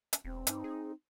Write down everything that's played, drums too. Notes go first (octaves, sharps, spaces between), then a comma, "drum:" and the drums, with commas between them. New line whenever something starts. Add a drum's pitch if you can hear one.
drum: hi-hat
E1 C4
G2 D#4, drum: hi-hat
G#4